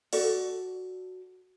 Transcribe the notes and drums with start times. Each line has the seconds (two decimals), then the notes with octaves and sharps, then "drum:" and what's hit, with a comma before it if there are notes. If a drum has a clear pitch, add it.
0.13 F#4 A4 D5, drum: open hi-hat